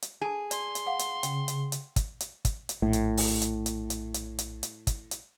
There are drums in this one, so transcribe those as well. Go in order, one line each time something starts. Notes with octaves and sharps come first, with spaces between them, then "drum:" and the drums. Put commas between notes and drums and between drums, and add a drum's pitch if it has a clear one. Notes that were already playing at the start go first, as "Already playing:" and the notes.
drum: hi-hat
G#4 G#5 A5
D5 C6, drum: hi-hat
drum: hi-hat
F5 F#5
drum: hi-hat
C#3 G5, drum: hi-hat
drum: hi-hat
drum: hi-hat
drum: kick, hi-hat
drum: hi-hat
drum: kick, hi-hat
drum: hi-hat
A#1 A2
drum: hi-hat
drum: open hi-hat
drum: hi-hat
drum: hi-hat
drum: hi-hat
drum: hi-hat
drum: hi-hat
drum: hi-hat
drum: kick, hi-hat
drum: hi-hat